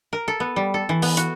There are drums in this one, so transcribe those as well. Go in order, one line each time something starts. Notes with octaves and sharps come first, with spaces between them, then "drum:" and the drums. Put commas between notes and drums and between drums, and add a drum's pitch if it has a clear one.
A#4
A4
B3
G3
A4
E3
B3, drum: open hi-hat
F#4, drum: hi-hat